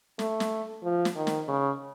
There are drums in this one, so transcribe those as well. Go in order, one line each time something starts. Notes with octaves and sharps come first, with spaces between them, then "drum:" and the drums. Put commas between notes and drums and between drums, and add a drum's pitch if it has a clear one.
A3, drum: snare
drum: snare
F3
drum: snare
D#3
drum: snare
C#3